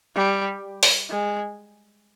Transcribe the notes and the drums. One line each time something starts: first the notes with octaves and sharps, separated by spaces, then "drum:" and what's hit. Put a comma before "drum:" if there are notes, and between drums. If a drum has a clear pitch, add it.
G3
drum: open hi-hat
G#3